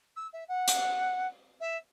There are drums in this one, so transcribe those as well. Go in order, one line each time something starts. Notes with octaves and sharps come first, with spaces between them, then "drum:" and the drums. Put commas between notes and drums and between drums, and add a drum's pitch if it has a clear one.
E6
E5
F#5
drum: hi-hat
E5